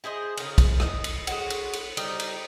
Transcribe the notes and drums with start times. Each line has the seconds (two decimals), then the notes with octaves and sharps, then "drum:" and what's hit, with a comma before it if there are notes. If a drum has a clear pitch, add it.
0.04 E4 G#4 C5 D#5
0.37 C#3 A#4, drum: cymbal
0.58 drum: kick, cymbal
0.80 D#5, drum: rim click
1.04 drum: cymbal
1.27 G#3 F#4, drum: cymbal
1.50 drum: cymbal
1.73 drum: cymbal
1.97 G3 D#4 D#5, drum: cymbal
2.20 drum: cymbal